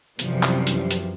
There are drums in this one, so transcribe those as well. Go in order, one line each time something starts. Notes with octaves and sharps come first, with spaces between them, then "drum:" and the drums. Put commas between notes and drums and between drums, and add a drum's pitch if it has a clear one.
F#2 C3 E3 F3 G3, drum: hi-hat
drum: clap
drum: hi-hat
drum: hi-hat